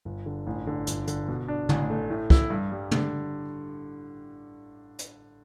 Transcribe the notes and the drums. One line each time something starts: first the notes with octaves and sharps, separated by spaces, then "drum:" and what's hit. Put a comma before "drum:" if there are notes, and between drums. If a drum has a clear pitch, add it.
G1
D3
A1
D3
G1, drum: hi-hat
D3, drum: hi-hat
B2
D4
A1, drum: tom
A3
A2
E4, drum: kick
G2
G3
D3, drum: tom
drum: hi-hat